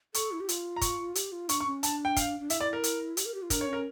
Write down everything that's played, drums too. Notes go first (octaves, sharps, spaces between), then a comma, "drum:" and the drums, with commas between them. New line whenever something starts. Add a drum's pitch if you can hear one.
A4 C#6, drum: hi-hat
E4
G4
F4, drum: hi-hat
A#5
C#6, drum: kick, hi-hat
G4, drum: hi-hat
F4
D4 C#6, drum: hi-hat
C#6
C#4
D4 A5, drum: hi-hat
G5
F5, drum: kick, hi-hat
D4
E4 E5, drum: hi-hat
D5
A#4
drum: hi-hat
G4, drum: hi-hat
A#4
G4
F4
D4 A#4, drum: kick, hi-hat
C#5
C#4
A#4